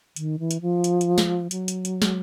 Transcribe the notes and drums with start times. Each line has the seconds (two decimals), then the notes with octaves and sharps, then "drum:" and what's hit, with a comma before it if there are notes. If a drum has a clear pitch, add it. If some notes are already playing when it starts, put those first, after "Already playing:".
0.16 D#3, drum: hi-hat
0.39 E3
0.51 drum: hi-hat
0.62 F3
0.84 drum: hi-hat
1.01 drum: hi-hat
1.18 drum: snare
1.51 F#3, drum: hi-hat
1.68 drum: hi-hat
1.85 drum: hi-hat
2.02 drum: snare